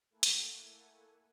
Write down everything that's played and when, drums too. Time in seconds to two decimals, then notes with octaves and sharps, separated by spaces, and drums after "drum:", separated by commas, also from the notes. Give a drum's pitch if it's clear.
0.10 A3 A#3 E4 A4 F#5 G#5
0.23 drum: hi-hat